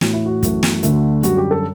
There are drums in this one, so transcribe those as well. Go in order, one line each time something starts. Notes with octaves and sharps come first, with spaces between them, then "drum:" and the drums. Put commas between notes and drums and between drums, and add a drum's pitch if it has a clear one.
A2 E3 A3 F#4, drum: snare
E4
F#4
F#2 E3 A3, drum: kick, hi-hat
drum: snare
D2 D3 A3, drum: hi-hat
F#2 D3 G3 F#4, drum: hi-hat
G4
A4